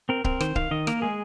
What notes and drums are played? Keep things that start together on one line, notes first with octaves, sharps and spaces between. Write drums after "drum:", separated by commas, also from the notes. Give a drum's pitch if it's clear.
C4 A#4
C4 A#4, drum: kick C#1
D#3 C5, drum: rim click
D#3 F5, drum: kick C#1
D#3 D#5
A#3 A#4, drum: rim click
G#3 G#4